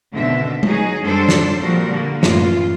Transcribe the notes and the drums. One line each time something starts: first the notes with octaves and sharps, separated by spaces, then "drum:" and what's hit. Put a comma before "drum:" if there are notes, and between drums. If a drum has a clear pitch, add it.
B2 D3 D#3 C4 E5
F#3 D#4 G#4, drum: tom G#3
F#2 F#3 G3 D4 A4 C5
drum: snare
A#2 F3 G3 C4 F#4 A#4
D3 A#3
F#2 A2 E3 F4, drum: snare